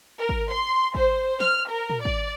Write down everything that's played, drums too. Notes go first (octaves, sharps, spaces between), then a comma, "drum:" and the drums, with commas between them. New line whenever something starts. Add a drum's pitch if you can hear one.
A#4
drum: kick
C6
C5, drum: kick
F6, drum: snare
A#4
drum: tom
D5, drum: kick